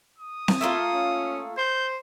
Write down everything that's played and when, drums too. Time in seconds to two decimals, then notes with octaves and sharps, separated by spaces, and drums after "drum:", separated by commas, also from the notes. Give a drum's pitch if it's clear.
0.18 D#6
0.48 drum: snare C4
0.61 A3 A#3 F4 E5
0.94 C#4
1.58 C5 G6